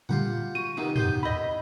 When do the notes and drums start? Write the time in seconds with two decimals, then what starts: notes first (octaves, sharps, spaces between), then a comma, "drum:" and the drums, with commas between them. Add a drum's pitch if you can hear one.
0.09 A#2 D3 G3 F4 G4 F#5
0.55 F#4 D#7
0.77 C3 D#3 B3 D#4
0.96 B3 G4 C5 G6, drum: tom
1.23 E4 D#5 B5